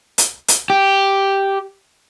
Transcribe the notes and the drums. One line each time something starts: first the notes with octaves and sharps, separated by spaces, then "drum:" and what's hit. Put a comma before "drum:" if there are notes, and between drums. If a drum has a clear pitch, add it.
drum: hi-hat
drum: hi-hat
G4